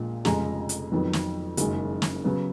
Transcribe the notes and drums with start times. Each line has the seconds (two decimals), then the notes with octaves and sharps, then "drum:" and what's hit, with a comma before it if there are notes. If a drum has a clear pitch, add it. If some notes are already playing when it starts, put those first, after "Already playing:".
Already playing: A#1 A#2 F3 G#3
0.25 F1 F2 C#3 G#3 A#5, drum: snare
0.69 drum: hi-hat
0.92 F2 D#3 F#3 B3
1.13 drum: snare
1.57 F#1 F#2 D#3 G#3, drum: hi-hat
2.02 drum: snare
2.24 C#3 F#3 B3